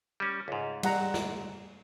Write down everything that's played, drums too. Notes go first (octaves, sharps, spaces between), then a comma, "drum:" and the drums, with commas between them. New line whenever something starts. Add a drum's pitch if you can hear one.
G3 C#4
C#2 G#2
G3 F#5 A#5, drum: cymbal
drum: snare